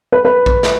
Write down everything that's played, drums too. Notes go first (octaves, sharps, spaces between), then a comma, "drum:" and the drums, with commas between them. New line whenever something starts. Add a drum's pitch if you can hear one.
B4
B4
drum: kick A#1
drum: snare